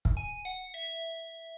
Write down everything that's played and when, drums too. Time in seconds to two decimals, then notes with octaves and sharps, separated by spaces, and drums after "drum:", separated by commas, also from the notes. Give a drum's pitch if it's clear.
0.05 drum: kick
0.17 G#5
0.45 F#5
0.74 E5